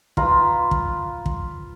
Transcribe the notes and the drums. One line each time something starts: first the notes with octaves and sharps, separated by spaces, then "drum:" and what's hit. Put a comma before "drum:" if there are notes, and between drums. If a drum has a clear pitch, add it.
F4 B4 A#5 B5, drum: kick
drum: kick
drum: kick